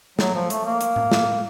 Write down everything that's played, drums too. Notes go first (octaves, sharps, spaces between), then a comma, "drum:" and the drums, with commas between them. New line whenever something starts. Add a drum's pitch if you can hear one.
F#3, drum: snare
F3
A3, drum: hi-hat
A#3
drum: hi-hat
drum: tom A2
drum: snare